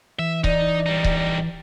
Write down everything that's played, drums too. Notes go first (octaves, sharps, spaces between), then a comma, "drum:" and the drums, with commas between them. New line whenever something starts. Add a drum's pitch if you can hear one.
E3 E5
D#4 D5, drum: kick C#1
G3 D#4
drum: kick C#1